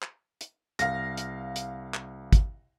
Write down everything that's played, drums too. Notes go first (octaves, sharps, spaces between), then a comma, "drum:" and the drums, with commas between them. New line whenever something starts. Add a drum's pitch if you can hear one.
drum: clap
drum: hi-hat
C2 F5 A#6, drum: hi-hat
drum: hi-hat
drum: hi-hat
drum: clap
drum: kick, hi-hat